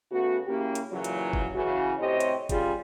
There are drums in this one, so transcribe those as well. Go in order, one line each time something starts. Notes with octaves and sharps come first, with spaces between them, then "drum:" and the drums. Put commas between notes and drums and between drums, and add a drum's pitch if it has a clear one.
C#3 A3 B3 F#4
C#3 A#3 C#4 E4 G4
drum: hi-hat
A#2 C#3 E3 F#3
drum: hi-hat
drum: kick F#1
C#3 E3 F#4
A2 C3 C4 G4 C#5 D#5
drum: hi-hat
C#3 G3 F4 G#4, drum: kick F#1, hi-hat